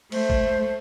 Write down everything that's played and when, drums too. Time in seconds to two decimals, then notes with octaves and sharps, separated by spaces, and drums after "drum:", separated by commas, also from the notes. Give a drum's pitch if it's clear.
0.12 A3 C5, drum: cymbal
0.30 drum: kick